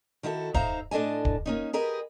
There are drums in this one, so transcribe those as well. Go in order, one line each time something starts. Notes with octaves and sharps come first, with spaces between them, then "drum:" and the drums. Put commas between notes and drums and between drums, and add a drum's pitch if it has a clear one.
D#3 E4 F#4 A4
D#4 C5 E5 F5 A#5, drum: kick
A2 D4 A4 D#5 G#5
drum: kick
A#3 C#4 D#4
G4 G#4 A#4 B4 D#5